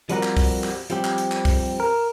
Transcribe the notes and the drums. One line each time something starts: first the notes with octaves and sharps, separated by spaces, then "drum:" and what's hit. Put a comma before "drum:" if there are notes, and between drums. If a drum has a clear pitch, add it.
F3 G3 C4 F#4 A#4, drum: hi-hat
drum: clap
drum: kick C2, open hi-hat
drum: clap
F3 G3 C4 G4, drum: hi-hat
drum: clap
drum: hi-hat
drum: clap
drum: kick C2, open hi-hat
A#4